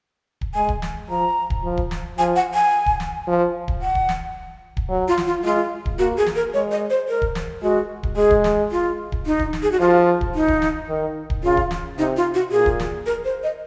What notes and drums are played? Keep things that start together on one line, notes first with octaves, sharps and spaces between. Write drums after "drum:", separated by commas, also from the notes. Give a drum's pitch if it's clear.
drum: kick D1
G#3 G#5
drum: kick D1
drum: snare
F3 A#5
drum: kick D1
F3
drum: kick D1
drum: snare
F3 G#5
F#5
G#5
drum: kick D1
drum: snare
F3
drum: kick D1
F#5
drum: kick D1
drum: snare
drum: kick D1
F#3
F4
drum: snare
F4
G#3 F4
drum: kick D1
A#3 F#4
G#4
drum: snare
A#4
G#3 C#5
D#5
C5
A#4
drum: kick D1
drum: snare
G#3 F#4
drum: kick D1
G#3 G#4
drum: kick D1
drum: snare
F4
drum: kick D1
D#4
drum: kick D1
drum: snare
G#4
F#4
F3 F4
drum: kick D1
D#4
drum: kick D1
drum: snare
D#3
drum: kick D1
C#3 F4
drum: kick D1
drum: snare
C3 D#4
F4
F#4
A#2 G#4
drum: kick D1
drum: snare
A#4
C5
D#5